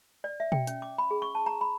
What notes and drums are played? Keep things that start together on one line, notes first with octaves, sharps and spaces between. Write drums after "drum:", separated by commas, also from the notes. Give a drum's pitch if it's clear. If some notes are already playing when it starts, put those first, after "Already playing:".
D5
E5
G5, drum: tom B2
C#4, drum: hi-hat
D6
B5
G#4
C#6
A5
A#5
B5